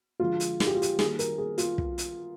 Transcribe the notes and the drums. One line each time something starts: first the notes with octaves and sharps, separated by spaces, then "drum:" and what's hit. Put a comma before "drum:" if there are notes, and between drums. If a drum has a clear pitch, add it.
D3 F3 G#3 F4
drum: hi-hat
G#4, drum: snare
G4
F4
G4, drum: hi-hat
D#3 G3 A#3 G#4, drum: snare
A#4, drum: hi-hat
G#4
F4, drum: hi-hat
drum: kick
drum: hi-hat